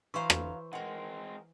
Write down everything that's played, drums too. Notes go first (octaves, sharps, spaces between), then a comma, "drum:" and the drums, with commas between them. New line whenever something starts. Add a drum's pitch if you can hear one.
E3 F#3 C5 C#5 F5 A#5 C6 C#6
drum: rim click
G#3 C4 A#4 F#5